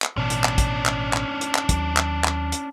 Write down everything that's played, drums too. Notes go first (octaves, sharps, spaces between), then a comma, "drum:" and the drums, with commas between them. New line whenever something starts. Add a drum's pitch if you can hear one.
drum: clap
A1 B2 C#4 D4
drum: hi-hat
drum: clap
drum: kick, hi-hat
drum: clap
drum: clap
drum: hi-hat
drum: clap
D#2 F#3, drum: kick, hi-hat
drum: clap
drum: clap
drum: hi-hat